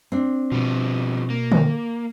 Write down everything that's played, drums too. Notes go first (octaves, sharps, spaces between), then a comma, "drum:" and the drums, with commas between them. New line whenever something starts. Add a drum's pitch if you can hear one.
C4 D4
B2 F3 G3 B3
A#3
drum: tom D3